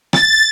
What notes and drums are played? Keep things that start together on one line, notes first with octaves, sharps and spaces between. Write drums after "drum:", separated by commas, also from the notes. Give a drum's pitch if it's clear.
A6, drum: rim click